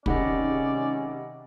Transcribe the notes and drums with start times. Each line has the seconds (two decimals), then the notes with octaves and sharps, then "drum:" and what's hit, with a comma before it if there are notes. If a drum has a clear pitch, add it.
0.06 C3 D#3 G#3 C#4 D5 D#5 F#5 B5, drum: kick